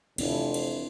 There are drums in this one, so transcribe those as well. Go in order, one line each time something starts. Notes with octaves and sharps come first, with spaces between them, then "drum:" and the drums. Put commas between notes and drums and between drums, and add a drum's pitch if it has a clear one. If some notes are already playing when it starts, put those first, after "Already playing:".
F1 C4 D4 E4, drum: cymbal
drum: cymbal